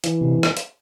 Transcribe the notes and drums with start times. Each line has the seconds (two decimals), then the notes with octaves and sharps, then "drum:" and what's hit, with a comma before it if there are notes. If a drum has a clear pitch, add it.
0.04 E3, drum: hi-hat
0.21 C3
0.43 drum: rim click
0.57 drum: hi-hat